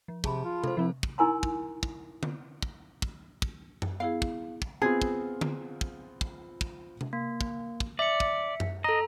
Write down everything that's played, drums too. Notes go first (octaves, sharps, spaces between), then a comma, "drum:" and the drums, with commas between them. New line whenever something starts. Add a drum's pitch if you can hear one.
F3
C3 G#4 A5 B5, drum: kick
F4
A4 C5, drum: tom C3
F3 C4 E4
drum: kick
D#4 E4 A#4 G#5 A#5 C6
drum: kick
drum: kick
drum: tom D3
drum: kick
drum: kick
drum: kick
drum: tom F#2
B3 E4 G#4 F5
drum: kick
drum: kick
B3 C4 F4 G#4
drum: kick
drum: tom D3
drum: kick
drum: kick
drum: kick
drum: tom C3
A#3
drum: kick
drum: kick
D5 E5 C#7
drum: kick
drum: tom F#2
A4 D#5 A#5